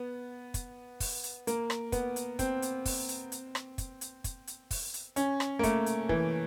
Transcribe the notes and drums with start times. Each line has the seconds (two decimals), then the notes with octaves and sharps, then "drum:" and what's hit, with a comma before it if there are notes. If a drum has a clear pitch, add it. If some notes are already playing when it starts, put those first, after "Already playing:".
Already playing: B3
0.54 drum: kick, hi-hat
1.00 drum: kick, open hi-hat
1.23 drum: hi-hat
1.47 A#3, drum: hi-hat
1.70 drum: rim click
1.92 B3, drum: kick, hi-hat
2.16 drum: hi-hat
2.39 C4, drum: kick, hi-hat
2.62 drum: hi-hat
2.85 drum: kick, open hi-hat
3.09 drum: hi-hat
3.32 drum: hi-hat
3.55 drum: rim click
3.78 drum: kick, hi-hat
4.01 drum: hi-hat
4.24 drum: kick, hi-hat
4.47 drum: hi-hat
4.71 drum: kick, open hi-hat
4.94 drum: hi-hat
5.16 C#4, drum: hi-hat
5.40 drum: rim click
5.59 A#3
5.63 A3, drum: kick, hi-hat
5.86 drum: hi-hat
6.09 E3, drum: kick